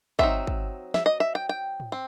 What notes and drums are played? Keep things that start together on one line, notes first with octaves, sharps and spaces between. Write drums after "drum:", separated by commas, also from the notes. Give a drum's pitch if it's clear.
F#3 C4 D#4 E5, drum: kick
drum: kick
E5, drum: snare
D#5
E5
G5
G5
drum: tom G#2
C4